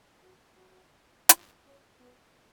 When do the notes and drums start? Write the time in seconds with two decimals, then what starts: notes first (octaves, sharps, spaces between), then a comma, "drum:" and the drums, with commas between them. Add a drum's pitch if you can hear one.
0.21 F#4
0.57 F#4
1.29 F4, drum: hi-hat
1.64 C#4
1.99 B3